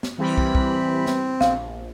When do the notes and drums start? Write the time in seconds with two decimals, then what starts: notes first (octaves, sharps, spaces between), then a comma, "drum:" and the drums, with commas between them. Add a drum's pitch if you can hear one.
0.03 drum: snare
0.18 E3 G3 C4 B5
0.38 drum: kick
0.55 drum: kick
1.06 drum: snare
1.41 A#1 F5, drum: snare